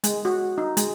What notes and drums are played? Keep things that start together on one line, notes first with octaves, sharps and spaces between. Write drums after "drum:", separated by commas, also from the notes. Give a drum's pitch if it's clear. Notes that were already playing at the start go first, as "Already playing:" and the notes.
G#3, drum: hi-hat
F#4
D#4
G#3, drum: hi-hat